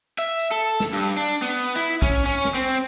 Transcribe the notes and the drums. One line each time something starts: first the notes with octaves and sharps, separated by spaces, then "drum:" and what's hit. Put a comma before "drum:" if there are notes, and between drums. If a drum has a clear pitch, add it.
E5, drum: tambourine
drum: tambourine
A4
drum: snare
G2
D4
B3, drum: tambourine
E4
C#4, drum: kick, tambourine
C#4, drum: tambourine
drum: snare
C4
drum: tambourine